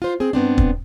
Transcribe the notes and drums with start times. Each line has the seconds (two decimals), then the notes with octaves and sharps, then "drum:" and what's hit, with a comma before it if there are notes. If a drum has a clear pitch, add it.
0.02 F4 C5
0.20 C4 G#4
0.33 G2 B3 C4 D4
0.58 drum: kick